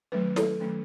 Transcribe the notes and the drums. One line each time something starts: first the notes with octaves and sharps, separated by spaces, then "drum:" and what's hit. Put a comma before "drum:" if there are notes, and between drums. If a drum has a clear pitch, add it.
D#3 F#3 A3 C#4 B4
A4, drum: snare
D#3 F#3 A3 C#4